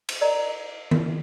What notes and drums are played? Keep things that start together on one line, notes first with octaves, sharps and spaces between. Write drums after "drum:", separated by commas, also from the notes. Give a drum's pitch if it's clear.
drum: cymbal
A#4 D5 D#5 A#5
drum: tom D#3